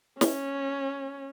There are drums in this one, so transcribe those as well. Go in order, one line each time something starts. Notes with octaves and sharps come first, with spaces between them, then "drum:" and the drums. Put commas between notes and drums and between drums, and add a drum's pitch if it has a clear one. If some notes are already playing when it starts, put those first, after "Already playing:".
C#4, drum: snare